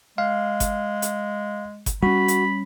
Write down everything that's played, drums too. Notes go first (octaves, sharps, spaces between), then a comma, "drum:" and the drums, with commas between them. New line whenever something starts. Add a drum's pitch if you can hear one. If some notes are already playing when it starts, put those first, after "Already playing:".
G#3 F5
drum: kick G1, hi-hat
drum: hi-hat
drum: kick G1, hi-hat
G3 C#4 F#4 B5
drum: hi-hat